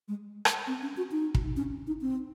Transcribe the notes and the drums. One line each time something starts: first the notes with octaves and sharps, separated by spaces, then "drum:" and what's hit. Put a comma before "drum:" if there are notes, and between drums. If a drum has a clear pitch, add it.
G#3
drum: rim click
C4
C#4
F#4
D#4
drum: kick
C#4
D#4
C4